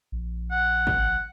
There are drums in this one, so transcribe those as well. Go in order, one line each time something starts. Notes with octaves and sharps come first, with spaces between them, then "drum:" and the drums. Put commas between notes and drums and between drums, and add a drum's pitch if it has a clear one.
A#1
F#5
drum: kick G#1